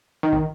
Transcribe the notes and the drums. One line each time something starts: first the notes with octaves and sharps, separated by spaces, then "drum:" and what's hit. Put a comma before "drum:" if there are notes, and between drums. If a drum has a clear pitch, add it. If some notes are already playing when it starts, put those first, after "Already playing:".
D#3
drum: kick